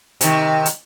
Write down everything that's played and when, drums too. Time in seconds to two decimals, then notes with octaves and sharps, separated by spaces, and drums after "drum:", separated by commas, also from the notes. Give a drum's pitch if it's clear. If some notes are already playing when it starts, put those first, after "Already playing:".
0.21 C3 D#3, drum: hi-hat
0.66 drum: hi-hat